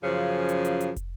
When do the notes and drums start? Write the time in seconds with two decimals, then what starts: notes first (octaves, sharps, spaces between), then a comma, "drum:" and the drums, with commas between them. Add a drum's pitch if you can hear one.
0.01 F#2 C#3 F3
0.49 drum: hi-hat
0.65 drum: hi-hat
0.81 drum: hi-hat
0.96 drum: kick, hi-hat